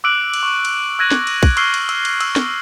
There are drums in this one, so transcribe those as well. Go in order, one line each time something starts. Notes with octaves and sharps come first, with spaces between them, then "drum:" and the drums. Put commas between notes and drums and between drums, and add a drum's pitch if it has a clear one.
D6 E6 F#6 D7 F#7
drum: cymbal
C#6
drum: cymbal
E6 F#6 G#6 A#6 D#7 F#7
drum: snare
drum: cymbal
drum: kick, cymbal
C#6 E6 F6 C7 G7, drum: cymbal
drum: cymbal
E6, drum: cymbal
drum: cymbal
E6, drum: cymbal
drum: snare